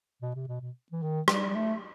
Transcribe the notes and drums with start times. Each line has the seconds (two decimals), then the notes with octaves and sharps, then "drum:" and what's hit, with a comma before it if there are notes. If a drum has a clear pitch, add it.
0.22 B2
0.35 C3
0.48 B2
0.61 B2
0.92 E3
1.02 D#3
1.28 G3, drum: rim click
1.50 G3
1.55 A3